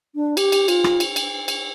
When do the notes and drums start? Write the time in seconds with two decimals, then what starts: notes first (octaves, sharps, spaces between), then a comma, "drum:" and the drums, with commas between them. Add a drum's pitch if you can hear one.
0.15 D4
0.37 G4, drum: cymbal
0.52 drum: cymbal
0.68 F4, drum: cymbal
0.84 drum: rim click
1.00 drum: cymbal
1.16 drum: cymbal
1.48 drum: cymbal